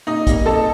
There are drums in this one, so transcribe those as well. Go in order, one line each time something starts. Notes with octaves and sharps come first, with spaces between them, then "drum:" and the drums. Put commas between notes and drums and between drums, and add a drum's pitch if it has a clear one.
A#2 D#4 D#5
G3 A#3, drum: kick, hi-hat
A#2 A4 A5